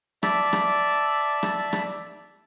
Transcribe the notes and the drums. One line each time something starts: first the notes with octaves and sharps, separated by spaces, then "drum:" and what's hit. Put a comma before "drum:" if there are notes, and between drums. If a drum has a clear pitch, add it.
D5 E5 A5, drum: rim click
drum: rim click
drum: rim click
drum: rim click